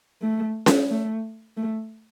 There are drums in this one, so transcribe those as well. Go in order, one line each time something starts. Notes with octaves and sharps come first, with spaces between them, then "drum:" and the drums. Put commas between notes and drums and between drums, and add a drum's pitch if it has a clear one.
A3
drum: snare C#4
A3
A3